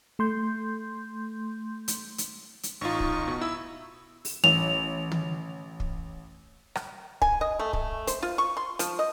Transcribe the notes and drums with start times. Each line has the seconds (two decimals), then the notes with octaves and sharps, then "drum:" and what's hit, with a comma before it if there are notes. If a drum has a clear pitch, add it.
0.19 A3 C6 G6
1.88 drum: hi-hat
2.18 drum: hi-hat
2.63 drum: hi-hat
2.81 A1 D#4 F4 C#6
3.00 drum: kick
3.28 B2
3.41 E4 E6
4.25 drum: open hi-hat
4.44 A1 F7
5.12 drum: tom
5.80 drum: kick
6.75 drum: rim click
7.22 G#5, drum: kick
7.41 D#5
7.59 A3
7.73 A3, drum: kick
8.07 C5, drum: hi-hat
8.23 F4
8.38 C#6
8.57 C6
8.79 F3, drum: hi-hat
8.99 D#5